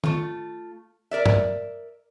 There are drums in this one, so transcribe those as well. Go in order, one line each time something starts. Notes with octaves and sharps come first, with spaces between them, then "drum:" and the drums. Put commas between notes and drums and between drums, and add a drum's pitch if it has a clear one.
A3 F4, drum: tom
A#4 D5 E5
drum: tom